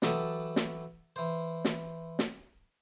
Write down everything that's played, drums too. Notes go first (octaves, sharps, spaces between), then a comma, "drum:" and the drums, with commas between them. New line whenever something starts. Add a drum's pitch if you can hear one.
E3 F#3 G4 A4 A5 D#6, drum: snare
drum: snare
E3 C5
drum: snare
drum: snare